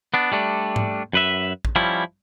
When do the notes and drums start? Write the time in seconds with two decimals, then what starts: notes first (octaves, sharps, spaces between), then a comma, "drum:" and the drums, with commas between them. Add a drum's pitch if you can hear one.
0.14 B3 D4
0.32 G3 A3 D4
0.76 drum: tom G#2
1.13 F#2 B4 E5
1.65 drum: kick
1.76 F3 G3 C#4 E4